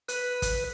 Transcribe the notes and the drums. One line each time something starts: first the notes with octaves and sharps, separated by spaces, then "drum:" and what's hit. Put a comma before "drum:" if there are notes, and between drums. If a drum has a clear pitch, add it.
B4, drum: hi-hat
drum: kick, hi-hat